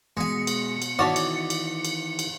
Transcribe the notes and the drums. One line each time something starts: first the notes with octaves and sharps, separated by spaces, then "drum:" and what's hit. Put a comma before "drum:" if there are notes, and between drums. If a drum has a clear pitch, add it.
B2 G#3 G#5 C#7
drum: cymbal
drum: cymbal
D#3 E3 E4 F#4 C#5 D5 A5
drum: cymbal
drum: cymbal
drum: cymbal
drum: cymbal